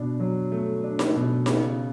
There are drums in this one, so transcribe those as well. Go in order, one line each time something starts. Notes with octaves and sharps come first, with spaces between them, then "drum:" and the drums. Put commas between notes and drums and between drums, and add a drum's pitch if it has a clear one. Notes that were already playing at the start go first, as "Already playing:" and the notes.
Already playing: B2 D4
F#3
A3
D4
drum: snare D#4
B2
C#3, drum: snare D#4